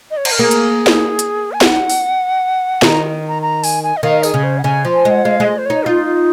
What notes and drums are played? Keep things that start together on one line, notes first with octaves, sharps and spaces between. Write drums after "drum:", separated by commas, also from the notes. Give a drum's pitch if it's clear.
D#5
C#5
C5, drum: cymbal
A#4
A#3 G#4
drum: hi-hat
drum: snare
drum: hi-hat
G#5
F#5, drum: snare
drum: open hi-hat
D#3 A#5, drum: snare
A#5
A#5
G#5, drum: open hi-hat
G#5
D#5
D#3 F5
G#4, drum: tambourine
C#3
C5
F#5
C#3 G#5
F3
G#5
G#3
F#5
G#3 F5
G#3 D#5
C5
D#4 C#5
D#4 F4